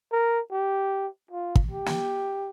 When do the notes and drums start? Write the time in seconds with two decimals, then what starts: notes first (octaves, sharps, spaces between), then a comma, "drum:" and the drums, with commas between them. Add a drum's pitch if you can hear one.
0.12 A#4
0.52 G4
1.31 F4
1.55 drum: kick
1.71 G4
1.86 drum: snare